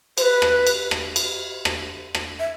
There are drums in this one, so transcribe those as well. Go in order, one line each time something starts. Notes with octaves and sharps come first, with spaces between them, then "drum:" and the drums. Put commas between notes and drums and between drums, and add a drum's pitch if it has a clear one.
C5, drum: cymbal
B4
drum: rim click
drum: cymbal
drum: rim click
drum: cymbal
drum: rim click
drum: rim click
E5